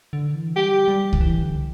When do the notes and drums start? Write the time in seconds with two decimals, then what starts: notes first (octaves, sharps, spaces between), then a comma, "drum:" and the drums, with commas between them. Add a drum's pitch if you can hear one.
0.13 D3
0.35 E3
0.56 G3 G4
0.88 G3
1.13 D3, drum: kick C2
1.21 E3
1.42 D3